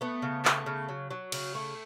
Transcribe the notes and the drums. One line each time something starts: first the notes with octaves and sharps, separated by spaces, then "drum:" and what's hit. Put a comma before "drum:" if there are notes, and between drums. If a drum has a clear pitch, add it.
A3 B3
C#3
A3, drum: clap
C#3
F#3
F#3
C#3, drum: cymbal
A3